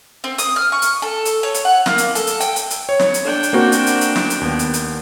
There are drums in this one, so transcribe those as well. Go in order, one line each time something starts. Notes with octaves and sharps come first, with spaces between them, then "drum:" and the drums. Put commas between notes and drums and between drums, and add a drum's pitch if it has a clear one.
C4
D#6, drum: hi-hat
F6
C#6
drum: hi-hat
A4
drum: hi-hat
C#5
drum: hi-hat
F#5
A#3, drum: snare
drum: hi-hat
A4, drum: hi-hat
drum: hi-hat
G5, drum: hi-hat
drum: hi-hat
drum: hi-hat
C#5
drum: snare
drum: hi-hat
D4 G5
drum: hi-hat
A#3 C4 F#4
drum: hi-hat
drum: hi-hat
drum: hi-hat
drum: snare
drum: hi-hat
D#2 B3
drum: hi-hat
drum: hi-hat